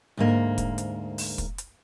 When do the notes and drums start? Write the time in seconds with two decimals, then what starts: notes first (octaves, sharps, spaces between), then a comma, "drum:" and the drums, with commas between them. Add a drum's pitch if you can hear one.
0.17 D2 G#2 A#3
0.58 drum: kick, hi-hat
0.78 drum: hi-hat
1.18 drum: open hi-hat
1.38 drum: kick, hi-hat
1.58 drum: hi-hat